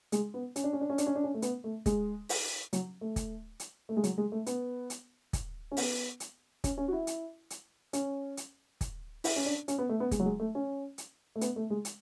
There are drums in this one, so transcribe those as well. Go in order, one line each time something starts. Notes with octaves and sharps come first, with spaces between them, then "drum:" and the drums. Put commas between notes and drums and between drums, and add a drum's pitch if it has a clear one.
G#3, drum: hi-hat
B3
C#4, drum: hi-hat
D4
C#4
D4
C#4
D4, drum: hi-hat
C#4
D4
C#4
A3
B3, drum: hi-hat
A3
G#3, drum: kick, hi-hat
drum: open hi-hat
F#3, drum: hi-hat
A3
drum: kick, hi-hat
drum: hi-hat
A3
G#3
F#3, drum: hi-hat
G#3
A3
B3, drum: hi-hat
drum: hi-hat
drum: kick, hi-hat
C#4
B3, drum: open hi-hat
drum: hi-hat
C#4, drum: kick, hi-hat
C#4
F#4
E4
drum: hi-hat
drum: hi-hat
C#4, drum: hi-hat
drum: hi-hat
drum: kick, hi-hat
E4, drum: open hi-hat
C#4
D4
C#4, drum: hi-hat
B3
A3
B3
G#3, drum: kick, hi-hat
F#3
G#3
A3
C#4
drum: hi-hat
A3
B3, drum: hi-hat
A3
G#3
drum: hi-hat